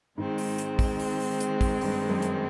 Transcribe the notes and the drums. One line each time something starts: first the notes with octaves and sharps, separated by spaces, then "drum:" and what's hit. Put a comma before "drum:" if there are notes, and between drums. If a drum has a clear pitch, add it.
G#2 D#3 G#3 C4
drum: open hi-hat
drum: hi-hat
drum: kick, open hi-hat
drum: open hi-hat
drum: open hi-hat
drum: hi-hat
drum: kick, open hi-hat
G2, drum: open hi-hat
F#2
drum: hi-hat